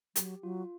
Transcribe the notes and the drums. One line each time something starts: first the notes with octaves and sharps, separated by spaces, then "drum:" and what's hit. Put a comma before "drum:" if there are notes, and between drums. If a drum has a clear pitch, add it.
F#3 G4, drum: hi-hat
F#3 F4